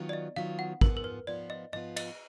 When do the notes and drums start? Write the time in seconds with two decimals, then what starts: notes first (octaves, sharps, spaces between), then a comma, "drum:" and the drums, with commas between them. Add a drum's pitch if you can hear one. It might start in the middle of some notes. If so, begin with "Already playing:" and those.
Already playing: D#3 F#3 B3 F4
0.09 D5
0.13 D#5
0.36 D#3 F#3 B3 F4 F5
0.59 F#5
0.81 G#2 F3 B3 F4 A#4, drum: kick
0.97 A#4
1.04 B4
1.27 G#2 F3 B3 F4 D5
1.50 D#5
1.73 G#2 F3 B3 F4 D#5
1.96 D#5, drum: cymbal